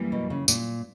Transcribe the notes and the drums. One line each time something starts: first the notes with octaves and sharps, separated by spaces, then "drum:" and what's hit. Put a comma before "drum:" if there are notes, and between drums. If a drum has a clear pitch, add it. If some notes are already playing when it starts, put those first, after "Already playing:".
Already playing: F#2 E3 G3 A#3
B2
C#3
A#2, drum: tambourine